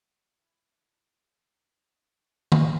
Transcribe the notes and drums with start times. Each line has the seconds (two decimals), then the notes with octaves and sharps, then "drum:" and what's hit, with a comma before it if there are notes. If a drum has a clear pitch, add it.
0.03 F#5
0.42 E4
0.73 D4
1.16 D5
1.41 D#4
1.75 D#6
2.20 F#4
2.52 drum: tom D#3